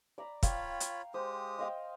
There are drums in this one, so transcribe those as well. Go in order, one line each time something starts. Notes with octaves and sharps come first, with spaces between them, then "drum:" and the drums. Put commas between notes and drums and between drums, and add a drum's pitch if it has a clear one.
D5 A#5 B5
F4 C#5 F5 G5 B5 C#6, drum: kick, hi-hat
drum: hi-hat
G#3 G4 C5 D#6
D#5 F5 G5